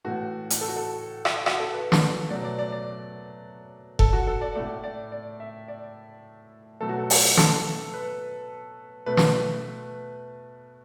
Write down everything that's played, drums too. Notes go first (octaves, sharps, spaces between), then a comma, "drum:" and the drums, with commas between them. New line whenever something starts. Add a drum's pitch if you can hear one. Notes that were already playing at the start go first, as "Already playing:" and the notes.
A2 E3 A3 F#4
drum: hi-hat
A4
F#4
A4
drum: rim click
F#4, drum: rim click
A4
B4
drum: snare
B2 F#3 A3 D5
D5
D5
D5
A4, drum: kick F1
F#4
A4
D5
A2 A3 D5
D5
D5
E5
D5
B2 F#3 A3 A4
F#4
A4
drum: open hi-hat
A4, drum: snare
B4
B2 A3 B4
drum: snare